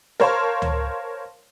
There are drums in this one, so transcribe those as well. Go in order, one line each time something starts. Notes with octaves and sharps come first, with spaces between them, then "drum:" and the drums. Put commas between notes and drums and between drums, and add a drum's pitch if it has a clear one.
A#4 C5 C#5 F5 A5 C6, drum: snare
drum: tom C#2